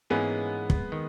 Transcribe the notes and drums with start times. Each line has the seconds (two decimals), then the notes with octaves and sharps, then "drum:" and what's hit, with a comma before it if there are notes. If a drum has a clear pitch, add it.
0.10 G#2 E3 G#3 A#3 B3 C#4 G#4
0.70 drum: kick
0.92 D#3